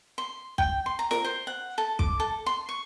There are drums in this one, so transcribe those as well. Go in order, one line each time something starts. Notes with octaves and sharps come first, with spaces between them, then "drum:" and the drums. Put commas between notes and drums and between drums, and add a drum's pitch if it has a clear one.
C6
G5, drum: kick
C6
A#5
A#4, drum: snare
C5
F#5
A4
D6, drum: kick
A4
C6
C#6